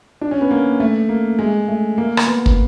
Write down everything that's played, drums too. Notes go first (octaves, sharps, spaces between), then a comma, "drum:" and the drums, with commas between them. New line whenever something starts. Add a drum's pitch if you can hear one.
D4
C#4
B3
A#3
A3
A#3
G#3
A3
A#3
drum: rim click
B3
drum: kick